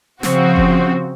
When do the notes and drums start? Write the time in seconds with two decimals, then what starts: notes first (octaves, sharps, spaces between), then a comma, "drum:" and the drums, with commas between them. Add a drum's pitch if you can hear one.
0.23 C#3 F3 C4 F#4, drum: snare
0.56 drum: kick F#1